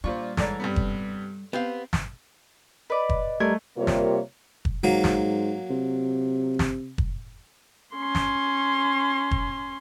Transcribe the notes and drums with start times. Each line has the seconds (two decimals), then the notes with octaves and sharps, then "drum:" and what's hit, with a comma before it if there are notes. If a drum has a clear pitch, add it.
0.04 A#2 G3 D4 F4 C5 C#6
0.37 G#2 E3 A4 C#5 D5 A#5, drum: snare
0.60 G2 C3 B3
0.76 drum: kick
1.53 B3 C4 G4 F5
1.93 drum: snare
2.90 B4 D5 D#5
3.09 drum: kick
3.40 G3 A3 A#4 G#6
3.78 C3 G3 A#3 F4 A#4 C#5
3.87 drum: snare
4.65 drum: kick
4.84 G#2 F#3 A#3
5.04 drum: snare
5.70 C3
6.59 drum: snare
6.98 drum: kick
7.95 C#4 C6
8.15 drum: snare
9.31 drum: kick